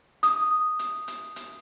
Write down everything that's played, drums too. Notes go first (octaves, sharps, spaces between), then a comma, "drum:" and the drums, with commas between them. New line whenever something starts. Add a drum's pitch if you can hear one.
D#6, drum: hi-hat
drum: hi-hat
drum: hi-hat
drum: hi-hat